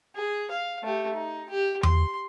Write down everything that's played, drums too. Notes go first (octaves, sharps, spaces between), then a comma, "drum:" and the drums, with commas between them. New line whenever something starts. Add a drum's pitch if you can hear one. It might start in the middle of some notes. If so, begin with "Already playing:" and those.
G#4
F5
A3 G4
D#4
G4
C6, drum: tom E2